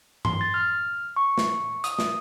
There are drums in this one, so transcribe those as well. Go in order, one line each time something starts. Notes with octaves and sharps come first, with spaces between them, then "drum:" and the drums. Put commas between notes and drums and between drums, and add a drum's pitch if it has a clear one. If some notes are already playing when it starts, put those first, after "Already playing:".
C6, drum: tom G2
A6
F6
C#6
drum: snare
D#6, drum: hi-hat
drum: snare